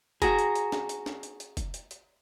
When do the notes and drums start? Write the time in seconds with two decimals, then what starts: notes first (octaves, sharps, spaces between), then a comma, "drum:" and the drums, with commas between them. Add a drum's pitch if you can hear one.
0.22 F#4 G#4 A#5, drum: kick F1, hi-hat
0.39 drum: hi-hat
0.55 drum: hi-hat
0.72 drum: snare
0.89 drum: hi-hat
1.06 drum: snare
1.23 drum: hi-hat
1.40 drum: hi-hat
1.57 drum: kick F1, hi-hat
1.74 drum: hi-hat
1.91 drum: hi-hat